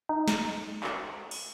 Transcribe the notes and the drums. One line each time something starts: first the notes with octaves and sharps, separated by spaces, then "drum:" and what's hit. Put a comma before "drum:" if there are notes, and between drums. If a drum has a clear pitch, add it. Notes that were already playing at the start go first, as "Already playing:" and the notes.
D#4
drum: snare
drum: clap
drum: open hi-hat